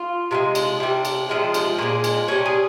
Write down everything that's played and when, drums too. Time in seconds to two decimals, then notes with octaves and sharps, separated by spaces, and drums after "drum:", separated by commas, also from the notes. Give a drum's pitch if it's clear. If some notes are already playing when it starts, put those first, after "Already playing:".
Already playing: F4
0.31 C3 F3 G#3
0.55 drum: cymbal
0.80 C3 G3
1.05 drum: cymbal
1.29 C3 F3 G#3
1.54 drum: cymbal
1.79 A#2 F3 G#3
2.04 drum: cymbal
2.28 C3 G3 C#4
2.46 G#4